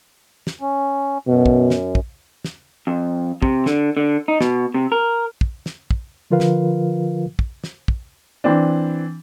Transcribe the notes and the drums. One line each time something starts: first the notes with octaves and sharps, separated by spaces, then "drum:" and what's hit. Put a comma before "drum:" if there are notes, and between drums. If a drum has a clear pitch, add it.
drum: snare
C#4
F#2 B2
drum: kick
drum: snare
drum: kick
drum: snare
F2
C3, drum: kick
D3, drum: snare
D3
D#4
B2, drum: snare
C3
A#4
drum: kick
drum: snare
drum: kick
D3 F3 F4 A#4 B4 F5
drum: snare
drum: kick
drum: snare
drum: kick
E3 C4 D4